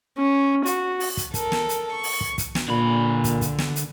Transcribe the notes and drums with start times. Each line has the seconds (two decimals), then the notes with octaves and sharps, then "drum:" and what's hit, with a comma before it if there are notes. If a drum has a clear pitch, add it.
0.18 C#4
0.66 F#4, drum: hi-hat
1.00 drum: open hi-hat
1.17 drum: kick, hi-hat
1.34 A4 A#4, drum: kick, hi-hat
1.52 drum: snare
1.69 drum: hi-hat
1.92 C#6
2.03 drum: open hi-hat
2.21 drum: kick
2.38 drum: kick, hi-hat
2.55 drum: snare
2.68 A#2 D3 B5
3.24 drum: kick, hi-hat
3.41 drum: kick, hi-hat
3.58 drum: snare
3.76 drum: hi-hat